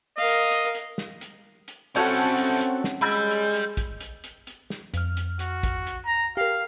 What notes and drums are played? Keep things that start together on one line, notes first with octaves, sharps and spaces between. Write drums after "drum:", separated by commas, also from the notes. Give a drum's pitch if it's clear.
A#4 D#5 F5
drum: hi-hat
drum: hi-hat
drum: hi-hat
drum: snare
drum: hi-hat
drum: hi-hat
G3 C4 C#4 E4 F#4 A4 F#5
drum: hi-hat
drum: hi-hat
drum: snare
G3 G#3 B5 E6 G#6
drum: hi-hat
drum: hi-hat
drum: kick, hi-hat
drum: hi-hat
drum: hi-hat
drum: hi-hat
drum: snare
F2 F6, drum: hi-hat
drum: hi-hat
F#4, drum: hi-hat
drum: kick, hi-hat
drum: hi-hat
A#5
G4 A#4 F5